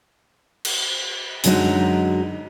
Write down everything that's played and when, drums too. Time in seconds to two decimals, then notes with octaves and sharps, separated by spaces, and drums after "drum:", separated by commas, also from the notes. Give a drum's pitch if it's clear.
0.65 drum: cymbal
1.44 F#2 D3 F#3 G#3 D4 D#4, drum: hi-hat